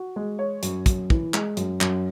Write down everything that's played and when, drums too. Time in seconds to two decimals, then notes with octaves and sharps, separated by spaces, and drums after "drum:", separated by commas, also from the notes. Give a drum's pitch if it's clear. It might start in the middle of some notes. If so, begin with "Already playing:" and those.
Already playing: F#4
0.16 G#3
0.39 C#5
0.63 F#2, drum: hi-hat
0.86 F#2, drum: kick, hi-hat
1.10 E3, drum: kick
1.34 G#3, drum: clap
1.57 F#2, drum: hi-hat
1.81 F#2, drum: clap